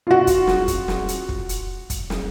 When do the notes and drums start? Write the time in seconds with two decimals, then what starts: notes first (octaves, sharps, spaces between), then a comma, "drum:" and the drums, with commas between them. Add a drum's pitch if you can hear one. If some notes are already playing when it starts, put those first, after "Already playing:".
0.07 F4 F#4
0.27 drum: kick, hi-hat
0.47 drum: snare
0.68 drum: kick, hi-hat
0.88 drum: snare
1.08 drum: hi-hat
1.29 drum: kick
1.49 drum: hi-hat
1.90 drum: kick, hi-hat
2.10 drum: snare